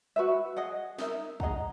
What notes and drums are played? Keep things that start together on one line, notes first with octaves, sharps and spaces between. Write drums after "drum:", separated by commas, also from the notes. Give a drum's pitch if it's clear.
F#4 B4 E5
G#4 D#5 F#5
D#4 A#4 E5, drum: snare
G#4 D#5 F#5 A#5, drum: kick